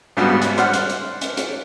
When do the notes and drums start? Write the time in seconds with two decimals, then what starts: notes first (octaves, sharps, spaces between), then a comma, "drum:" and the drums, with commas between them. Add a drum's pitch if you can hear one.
0.17 G#2 C#3 G3 B3 D4 F#4
0.42 drum: hi-hat
0.58 C5 D5 F#5 F6, drum: hi-hat
0.74 drum: hi-hat
0.89 drum: hi-hat
1.21 drum: hi-hat
1.37 drum: hi-hat